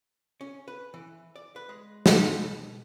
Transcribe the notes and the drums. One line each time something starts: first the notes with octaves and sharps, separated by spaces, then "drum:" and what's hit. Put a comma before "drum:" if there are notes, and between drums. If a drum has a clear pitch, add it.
C#4
B4
E3
D5
B4
G#3
drum: snare
B2